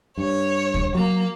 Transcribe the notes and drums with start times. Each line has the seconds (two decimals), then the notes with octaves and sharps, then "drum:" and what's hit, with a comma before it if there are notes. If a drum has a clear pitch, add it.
0.18 G2 C#5
0.74 drum: kick D2
0.95 F#3 A#3 A#5